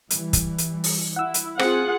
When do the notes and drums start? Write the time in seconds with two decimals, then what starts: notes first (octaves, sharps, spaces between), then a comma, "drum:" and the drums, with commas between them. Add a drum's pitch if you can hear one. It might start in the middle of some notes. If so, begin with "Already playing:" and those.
0.10 E3 G3, drum: hi-hat
0.33 drum: kick, hi-hat
0.58 drum: hi-hat
0.84 drum: open hi-hat
1.16 E4 F#5 E6
1.34 drum: hi-hat
1.59 C4 F4 G#4 F#5, drum: rim click